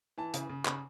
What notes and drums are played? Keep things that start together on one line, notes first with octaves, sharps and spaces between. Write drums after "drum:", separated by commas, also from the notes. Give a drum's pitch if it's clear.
E3 A5
C#3, drum: hi-hat
C#3
C#3 B5, drum: clap